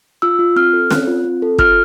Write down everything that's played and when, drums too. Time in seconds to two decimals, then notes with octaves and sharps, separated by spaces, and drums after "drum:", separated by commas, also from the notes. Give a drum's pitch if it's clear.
0.22 F4 E6
0.39 F4
0.56 C4 F6
0.73 A4
0.91 C4 F#6, drum: snare
1.07 F4
1.24 C4
1.42 A4
1.58 F4 F6, drum: kick